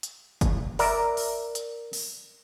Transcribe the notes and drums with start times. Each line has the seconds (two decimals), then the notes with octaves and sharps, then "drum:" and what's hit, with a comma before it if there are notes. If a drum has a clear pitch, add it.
0.03 drum: hi-hat
0.41 drum: kick F#1, hi-hat
0.79 A#4 D5 E5, drum: open hi-hat
1.17 drum: open hi-hat
1.55 drum: hi-hat
1.93 drum: open hi-hat